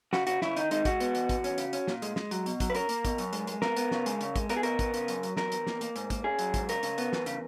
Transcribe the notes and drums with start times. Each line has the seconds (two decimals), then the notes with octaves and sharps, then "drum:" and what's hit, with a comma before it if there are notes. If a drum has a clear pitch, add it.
0.13 C#3 F#4, drum: snare
0.27 C#3 F#4, drum: hi-hat
0.42 C#3 E4, drum: snare
0.57 D#3 D#4, drum: hi-hat
0.71 G#3 D#4, drum: hi-hat
0.85 G#3 F#4, drum: kick, hi-hat
1.00 B3, drum: hi-hat
1.15 E2, drum: hi-hat
1.29 E2, drum: kick, hi-hat
1.44 C#4, drum: hi-hat
1.58 C#3, drum: hi-hat
1.73 C#4, drum: hi-hat
1.88 A#2, drum: snare
2.02 G#3, drum: hi-hat
2.16 G#3, drum: snare
2.31 F#3, drum: hi-hat
2.46 B2, drum: hi-hat
2.60 F#3, drum: kick, hi-hat
2.70 B4
2.75 C#4 A#4, drum: hi-hat
2.89 A#3, drum: hi-hat
3.05 B2, drum: kick, hi-hat
3.18 F#2, drum: hi-hat
3.33 G#3, drum: hi-hat
3.47 G#3, drum: hi-hat
3.62 B3 A#4, drum: snare
3.77 B3, drum: hi-hat
3.91 C#3, drum: snare
4.06 G#3, drum: hi-hat
4.21 C#3, drum: hi-hat
4.36 G#3, drum: kick, hi-hat
4.49 B3 A#4, drum: hi-hat
4.57 G#4
4.63 B2 A#4, drum: hi-hat
4.79 B3, drum: kick, hi-hat
4.94 C#3, drum: hi-hat
5.08 F#2, drum: hi-hat
5.23 F#3, drum: hi-hat
5.37 E2 A#4, drum: snare
5.52 E2, drum: hi-hat
5.67 A#3, drum: snare
5.81 A#3, drum: hi-hat
5.96 G#2, drum: hi-hat
6.10 A#3, drum: kick, hi-hat
6.24 C#4 G#4
6.39 F#3, drum: hi-hat
6.54 G#2, drum: kick, hi-hat
6.69 C#3 A#4, drum: hi-hat
6.83 C#3, drum: hi-hat
6.98 B3, drum: hi-hat
7.13 E2, drum: snare
7.26 C#3, drum: hi-hat